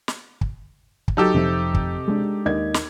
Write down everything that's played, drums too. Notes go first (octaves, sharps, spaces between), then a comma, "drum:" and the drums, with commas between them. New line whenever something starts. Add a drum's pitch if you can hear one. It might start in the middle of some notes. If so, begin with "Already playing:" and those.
drum: snare
drum: kick
drum: kick
F#3 D#4 G4 A4 A5 E6
F1 C3 F3 C4
drum: kick
G#3 A3 D4
D#2 D#5 G#6
drum: snare